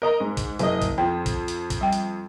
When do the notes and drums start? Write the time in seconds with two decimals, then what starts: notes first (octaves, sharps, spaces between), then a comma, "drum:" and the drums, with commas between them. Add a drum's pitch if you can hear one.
0.02 A#4 D#5 A#5
0.20 G#2
0.37 drum: kick, hi-hat
0.59 F#1 D#5, drum: hi-hat
0.82 drum: kick, hi-hat
0.98 F2 G5
1.26 drum: kick, hi-hat
1.48 drum: hi-hat
1.70 drum: kick, hi-hat
1.81 G3 G5
1.93 drum: hi-hat